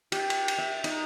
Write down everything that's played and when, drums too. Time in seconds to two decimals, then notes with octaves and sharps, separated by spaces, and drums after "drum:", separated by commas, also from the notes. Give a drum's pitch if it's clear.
0.12 G4, drum: cymbal
0.30 drum: cymbal
0.48 drum: cymbal
0.58 E5
0.84 D#4, drum: cymbal